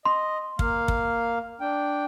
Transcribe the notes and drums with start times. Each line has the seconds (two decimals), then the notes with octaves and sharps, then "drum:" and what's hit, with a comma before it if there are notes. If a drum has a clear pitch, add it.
0.05 D#5 C6
0.59 A#3 F5, drum: kick
0.88 drum: kick
1.61 D4 G5